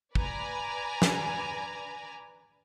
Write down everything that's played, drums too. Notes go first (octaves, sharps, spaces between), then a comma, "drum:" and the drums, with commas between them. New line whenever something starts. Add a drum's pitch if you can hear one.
B4 D5 G#5 A#5, drum: kick
drum: snare